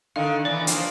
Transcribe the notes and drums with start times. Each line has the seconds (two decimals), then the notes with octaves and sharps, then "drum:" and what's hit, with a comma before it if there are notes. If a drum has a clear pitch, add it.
0.16 D3 D#3 F5
0.45 D3 E3 B3 D5
0.67 F3 A#3, drum: hi-hat